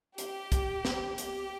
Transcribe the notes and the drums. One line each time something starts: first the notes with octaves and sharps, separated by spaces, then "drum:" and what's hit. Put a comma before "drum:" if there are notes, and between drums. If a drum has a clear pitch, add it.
G4, drum: hi-hat
drum: kick, hi-hat
drum: snare
G4, drum: hi-hat